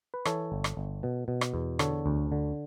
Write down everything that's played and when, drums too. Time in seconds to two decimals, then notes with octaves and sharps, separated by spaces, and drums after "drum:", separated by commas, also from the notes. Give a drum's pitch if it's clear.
0.14 B4
0.25 E3 A4 C#5, drum: rim click
0.52 G1
0.64 drum: rim click
0.77 G1
1.03 B2
1.28 B2
1.41 drum: rim click
1.54 E2
1.79 D3 A4 C#5, drum: rim click
2.06 D2
2.32 D3